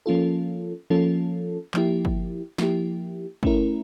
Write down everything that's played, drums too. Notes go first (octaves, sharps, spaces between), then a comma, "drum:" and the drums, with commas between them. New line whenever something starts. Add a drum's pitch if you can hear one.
F3 A#3 C#4 F4 A4
F3 A#3 C#4 F4 A4
F3 A#3 E4 G4, drum: clap
drum: kick
F3 A#3 E4 G4, drum: snare
A3 C#4 E4 A#4, drum: kick